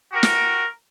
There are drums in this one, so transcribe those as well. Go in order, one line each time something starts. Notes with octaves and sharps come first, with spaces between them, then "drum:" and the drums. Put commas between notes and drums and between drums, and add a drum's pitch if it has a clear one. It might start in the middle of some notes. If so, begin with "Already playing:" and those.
F#4 G4 A#4
drum: snare